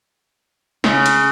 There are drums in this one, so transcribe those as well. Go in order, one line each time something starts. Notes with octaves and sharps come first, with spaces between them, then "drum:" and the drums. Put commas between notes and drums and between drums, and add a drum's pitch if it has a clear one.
C#3, drum: snare
drum: hi-hat